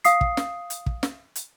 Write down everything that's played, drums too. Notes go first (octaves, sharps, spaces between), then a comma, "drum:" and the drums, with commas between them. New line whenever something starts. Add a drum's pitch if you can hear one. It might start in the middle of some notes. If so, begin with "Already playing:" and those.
F5 D#6 C7, drum: hi-hat
drum: kick
drum: snare
drum: hi-hat
drum: kick
drum: snare
drum: hi-hat